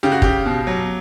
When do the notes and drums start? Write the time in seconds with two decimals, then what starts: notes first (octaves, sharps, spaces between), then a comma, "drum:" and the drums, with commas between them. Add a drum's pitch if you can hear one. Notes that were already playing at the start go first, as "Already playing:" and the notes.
0.03 C#3 G4
0.12 F#4
0.22 C#3 G4, drum: kick
0.46 B2
0.67 F#3